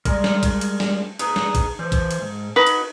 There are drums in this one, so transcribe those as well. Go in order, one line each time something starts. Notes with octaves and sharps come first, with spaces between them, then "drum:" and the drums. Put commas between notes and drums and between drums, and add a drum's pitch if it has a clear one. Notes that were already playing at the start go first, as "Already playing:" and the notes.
G3 G#3 A#4, drum: kick A1, cymbal
drum: snare
drum: kick A1, cymbal
drum: cymbal
drum: snare
D#4 G#4 B4, drum: cymbal
drum: snare
drum: kick A1, cymbal
E3 C5
drum: kick A1, cymbal
drum: cymbal
G#2
D#4 F#4 B4
drum: cymbal